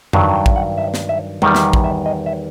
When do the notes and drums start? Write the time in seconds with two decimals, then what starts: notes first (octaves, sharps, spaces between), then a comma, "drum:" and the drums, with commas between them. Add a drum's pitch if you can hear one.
0.13 G2 D#3 F#3 F#5, drum: tom F2
0.36 G5
0.46 drum: kick
0.56 F#5
0.78 E5
0.94 drum: snare
1.09 E5
1.42 E2 D#3 G3 F#5, drum: tom G3
1.55 E5, drum: snare
1.62 F#5
1.73 drum: kick
1.84 E5
2.06 D#5
2.26 E5